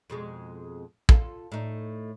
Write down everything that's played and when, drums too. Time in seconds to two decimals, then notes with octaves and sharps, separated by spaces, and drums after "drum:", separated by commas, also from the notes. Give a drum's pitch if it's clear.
0.10 F2 B2 G#3
1.09 F4 A4, drum: kick
1.52 A2 D#4